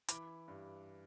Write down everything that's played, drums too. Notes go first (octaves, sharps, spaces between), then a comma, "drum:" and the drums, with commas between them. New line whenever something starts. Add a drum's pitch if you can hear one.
E3 B5 D6, drum: hi-hat
G2